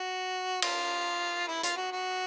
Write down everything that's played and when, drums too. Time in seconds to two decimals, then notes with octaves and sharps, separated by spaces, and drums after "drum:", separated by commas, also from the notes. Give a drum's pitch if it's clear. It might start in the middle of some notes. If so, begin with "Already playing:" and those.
Already playing: F#4
0.62 F4, drum: cymbal
1.48 E4
1.63 F4, drum: hi-hat
1.76 F#4
1.92 F#4